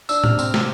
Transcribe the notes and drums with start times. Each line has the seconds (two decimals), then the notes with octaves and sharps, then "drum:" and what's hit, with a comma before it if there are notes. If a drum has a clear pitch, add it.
0.09 D4 E6, drum: tambourine
0.24 C3 F6, drum: tom A2
0.39 C4, drum: tambourine
0.54 C3, drum: snare